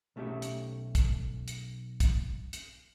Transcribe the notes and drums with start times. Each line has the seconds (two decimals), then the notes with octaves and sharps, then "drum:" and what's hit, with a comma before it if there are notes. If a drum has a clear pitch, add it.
0.16 B1 A3 C#4 G4 E5
0.42 drum: hi-hat
0.95 drum: kick, hi-hat
1.48 drum: hi-hat
2.00 drum: kick, hi-hat
2.53 drum: hi-hat